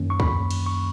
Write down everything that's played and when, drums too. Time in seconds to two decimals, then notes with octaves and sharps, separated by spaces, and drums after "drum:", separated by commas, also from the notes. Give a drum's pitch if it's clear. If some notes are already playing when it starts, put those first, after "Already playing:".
Already playing: F#2 D#3 A#3 C#4
0.10 C#6
0.20 B5, drum: kick
0.51 drum: cymbal
0.66 C#6